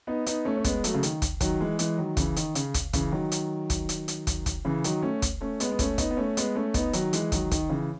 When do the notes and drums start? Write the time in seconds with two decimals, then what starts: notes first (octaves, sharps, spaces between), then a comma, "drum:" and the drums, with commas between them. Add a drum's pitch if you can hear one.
0.07 B3 D#4
0.26 B3 D#4, drum: hi-hat
0.45 A3 C#4
0.57 C#4
0.64 G#3 B3, drum: kick, hi-hat
0.84 F#3 A3, drum: hi-hat
0.94 C#3
1.03 D#3, drum: hi-hat
1.22 drum: kick, hi-hat
1.41 D#3 F#3, drum: kick, hi-hat
1.60 E3 G#3
1.79 E3 G#3, drum: hi-hat
1.98 D#3 F#3
2.17 C#3 E3, drum: kick, hi-hat
2.36 D#3, drum: hi-hat
2.55 C#3, drum: hi-hat
2.74 drum: kick, hi-hat
2.93 C#3 E3, drum: kick, hi-hat
3.12 D#3 F#3
3.32 drum: hi-hat
3.70 drum: kick, hi-hat
3.89 drum: hi-hat
4.08 drum: hi-hat
4.27 drum: kick, hi-hat
4.46 drum: kick, hi-hat
4.65 C#3 E3
4.84 D#3 F#3, drum: hi-hat
5.03 A3 C#4
5.22 drum: kick, hi-hat
5.41 A3 C#4
5.60 G#3 B3, drum: hi-hat
5.72 B3
5.79 A3 C#4, drum: kick, hi-hat
5.98 B3 D#4, drum: kick, hi-hat
6.10 B3
6.17 A3 C#4
6.37 G#3 B3, drum: hi-hat
6.55 A3 C#4
6.74 B3 D#4, drum: kick, hi-hat
6.93 D#3 F#3, drum: hi-hat
7.13 E3 G#3, drum: hi-hat
7.32 D#3 F#3, drum: kick, hi-hat
7.51 D#3, drum: kick, hi-hat
7.70 C#3 E3